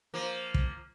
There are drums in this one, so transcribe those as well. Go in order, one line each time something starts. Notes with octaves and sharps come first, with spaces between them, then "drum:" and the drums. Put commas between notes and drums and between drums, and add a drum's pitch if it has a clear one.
F3 A#3
drum: kick